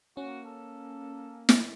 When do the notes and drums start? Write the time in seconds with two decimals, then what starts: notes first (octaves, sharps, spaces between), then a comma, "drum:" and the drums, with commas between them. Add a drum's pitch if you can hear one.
0.17 A#3 C#4 F#4
0.45 A4
1.49 drum: snare